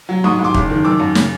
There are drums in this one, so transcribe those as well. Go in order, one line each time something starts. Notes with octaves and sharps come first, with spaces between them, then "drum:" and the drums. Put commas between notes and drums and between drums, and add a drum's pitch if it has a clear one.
F#3
G#2 C#6 D#6
G#2
C6 D6
F#1, drum: kick
D#3
F#2 D6 E6
F#2
C#3, drum: snare